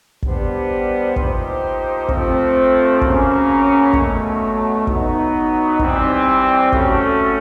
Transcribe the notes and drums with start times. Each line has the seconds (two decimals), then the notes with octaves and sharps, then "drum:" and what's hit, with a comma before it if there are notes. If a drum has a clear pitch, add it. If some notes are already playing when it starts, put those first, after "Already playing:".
0.22 G3 B3 D4 G4 C5, drum: kick
1.16 F3 A#3 D#4 G4 C5, drum: kick
2.08 F3 A3 C4, drum: kick
3.01 C#3 F#3 A#3 C#4, drum: kick
3.93 B2 F#3 A3, drum: kick
4.87 F#3 B3 D#4, drum: kick
5.79 E3 G3 C4, drum: kick
6.72 A3 C#4 F#4 A4, drum: kick